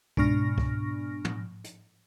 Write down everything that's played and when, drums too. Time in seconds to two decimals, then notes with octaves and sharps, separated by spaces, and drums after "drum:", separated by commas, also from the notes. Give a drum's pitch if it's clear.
0.17 G#2 B2 D4 C#6 F6 A#6, drum: kick C#2
0.58 drum: kick C#2
1.25 drum: tom
1.64 drum: hi-hat